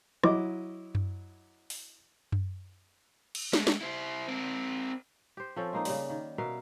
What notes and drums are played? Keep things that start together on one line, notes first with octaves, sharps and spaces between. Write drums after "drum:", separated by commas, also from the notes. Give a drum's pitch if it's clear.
F#3 E4 D#5 D6, drum: rim click
drum: tom F#2
drum: open hi-hat
drum: tom F#2
drum: cymbal
G#3 A3, drum: snare
drum: snare
E4 C5
C4 A#4
G4 C5
F3 C4 C#4 A4
G#3 A#3 D#4
C#3 G3, drum: open hi-hat
D#3
B2 A#4 E5 F5